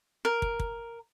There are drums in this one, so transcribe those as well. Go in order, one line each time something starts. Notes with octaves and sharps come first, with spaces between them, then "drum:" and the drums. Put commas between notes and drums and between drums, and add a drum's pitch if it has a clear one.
A#4
drum: kick
drum: kick